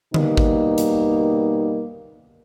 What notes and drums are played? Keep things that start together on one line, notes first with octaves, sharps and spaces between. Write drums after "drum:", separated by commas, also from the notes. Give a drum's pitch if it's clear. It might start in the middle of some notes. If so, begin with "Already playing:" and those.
B2 G3 A#3 D#4, drum: tom D3
drum: kick G#1
drum: hi-hat